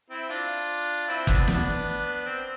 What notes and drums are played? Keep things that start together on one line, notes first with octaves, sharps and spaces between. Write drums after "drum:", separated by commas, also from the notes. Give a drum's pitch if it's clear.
C4 E4
D4 F4
C4 E4
B3 D4, drum: kick
B3 D4, drum: snare
C4